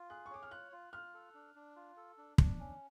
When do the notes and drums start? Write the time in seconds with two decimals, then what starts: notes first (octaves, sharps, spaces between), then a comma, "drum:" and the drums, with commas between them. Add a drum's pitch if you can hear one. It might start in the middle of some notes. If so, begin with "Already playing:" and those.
Already playing: F4
0.10 G#4 F#6
0.26 C#6
0.31 C#5 D6
0.43 F6
0.51 F4 F#6
0.72 F4
0.93 F4 F6
1.14 A4
1.34 D4
1.55 D4
1.76 F4
1.97 A4
2.18 D4
2.38 D4, drum: kick
2.60 C#4